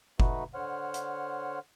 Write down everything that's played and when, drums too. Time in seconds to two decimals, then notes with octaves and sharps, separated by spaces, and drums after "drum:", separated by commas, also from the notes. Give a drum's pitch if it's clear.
0.20 A3 D#4 F#4 B4, drum: kick F#1
0.54 D3 C5 C#5 F#5 F6
0.94 drum: hi-hat